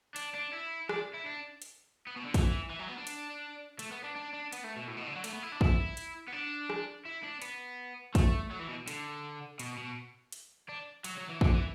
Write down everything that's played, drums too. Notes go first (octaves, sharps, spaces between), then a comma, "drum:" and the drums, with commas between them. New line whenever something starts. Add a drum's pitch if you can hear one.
D4, drum: hi-hat
D4
E4
D4, drum: rim click
E4
D4
drum: hi-hat
B3
B2
D3
E3, drum: kick, hi-hat
E3
F#3
B3
D4
drum: hi-hat
A3, drum: hi-hat
B3
D4
D4
D4
B3, drum: hi-hat
A3
B2
A2
B2
D3
F#3
A3, drum: hi-hat
B3
E4
D4
E4, drum: kick
drum: hi-hat
B3
D4
drum: rim click
E4
D4
B3, drum: hi-hat
A3, drum: kick, hi-hat
F#3
E3
B2
D3, drum: hi-hat
B2, drum: hi-hat
B2
drum: hi-hat
D4
F#3, drum: hi-hat
F#3
E3
D3, drum: kick
E3